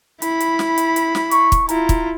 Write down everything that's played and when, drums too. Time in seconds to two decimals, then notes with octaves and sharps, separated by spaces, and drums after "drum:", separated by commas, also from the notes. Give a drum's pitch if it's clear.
0.22 E4 B5, drum: hi-hat
0.40 drum: hi-hat
0.59 drum: snare
0.78 drum: hi-hat
0.96 drum: hi-hat
1.15 drum: snare
1.31 C#6, drum: hi-hat
1.52 drum: kick, hi-hat
1.69 E4 F4 A#5, drum: hi-hat
1.89 drum: kick, hi-hat